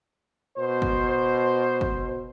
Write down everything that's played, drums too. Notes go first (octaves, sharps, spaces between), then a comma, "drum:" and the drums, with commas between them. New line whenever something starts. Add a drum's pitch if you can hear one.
B2 C5
drum: kick
drum: kick